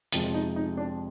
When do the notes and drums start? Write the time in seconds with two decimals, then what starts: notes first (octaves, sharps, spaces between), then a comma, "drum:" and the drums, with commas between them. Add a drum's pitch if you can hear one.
0.13 F1 F2 C3 F3 G#3, drum: hi-hat
0.34 D#4
0.56 D#4
0.77 D4